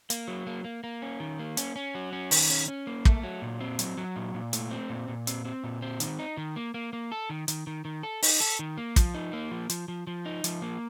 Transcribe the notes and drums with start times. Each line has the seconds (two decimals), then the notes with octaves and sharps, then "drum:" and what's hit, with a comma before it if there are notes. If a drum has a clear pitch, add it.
0.10 A#3, drum: hi-hat
0.28 F#3
0.47 A#3
0.65 A#3
0.84 A#3
1.02 C#4
1.20 D#3
1.39 A#3
1.57 C#4, drum: hi-hat
1.76 C#4
1.95 F#3
2.13 C#4
2.31 D#3, drum: open hi-hat
2.50 C#4
2.68 C#4
2.87 A#3
3.05 A3, drum: kick
3.24 F#3
3.42 A#2
3.61 C4
3.79 F#3, drum: hi-hat
3.97 F#3
4.16 A#2
4.34 A#2
4.53 A3, drum: hi-hat
4.71 C4
4.90 A#2
5.08 A#2
5.27 C4, drum: hi-hat
5.45 C4
5.64 A#2
5.82 C4
6.00 D#3, drum: hi-hat
6.19 D#4
6.37 D#3
6.56 A#3
6.74 A#3
6.93 A#3
7.12 A4
7.30 D#3
7.48 D#3, drum: hi-hat
7.67 D#3
7.85 D#3
8.03 A4
8.23 D#4, drum: open hi-hat
8.40 A4
8.59 D#3
8.78 A#3
8.96 F3, drum: kick, hi-hat
9.14 D#4
9.33 A#3
9.51 F3
9.70 F3, drum: hi-hat
9.88 F3
10.07 F3
10.26 D#4
10.44 F3, drum: hi-hat
10.62 A#3